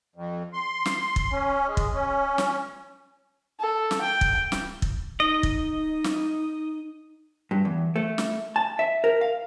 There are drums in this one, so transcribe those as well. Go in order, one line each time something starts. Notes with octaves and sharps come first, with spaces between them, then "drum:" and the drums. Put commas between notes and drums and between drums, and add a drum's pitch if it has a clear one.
F2
C6
drum: snare
drum: kick
C#4
G#3
drum: kick
C#4
drum: snare
A4
drum: snare
G5
drum: kick
drum: snare
drum: kick
D#4 D#5
drum: kick
drum: snare
G2
E2
A3
drum: snare
A5
E5
A#4
F5